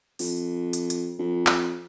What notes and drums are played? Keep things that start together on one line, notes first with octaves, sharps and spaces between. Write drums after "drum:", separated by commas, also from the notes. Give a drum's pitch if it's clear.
F2, drum: open hi-hat
drum: hi-hat
drum: hi-hat
F2
drum: clap